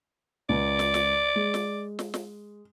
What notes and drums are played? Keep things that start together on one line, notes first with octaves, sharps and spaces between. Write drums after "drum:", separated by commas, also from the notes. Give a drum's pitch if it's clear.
C#2 D5
drum: snare
drum: snare
G#3
drum: snare
drum: snare
drum: snare